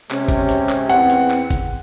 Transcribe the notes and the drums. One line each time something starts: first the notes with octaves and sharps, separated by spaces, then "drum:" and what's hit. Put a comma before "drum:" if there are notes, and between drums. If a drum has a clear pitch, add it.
C3 G#3 C#4, drum: clap
drum: kick G1, hi-hat
drum: hi-hat
drum: clap
E2 C4 F#5, drum: hi-hat
drum: hi-hat
drum: clap
drum: kick G1, hi-hat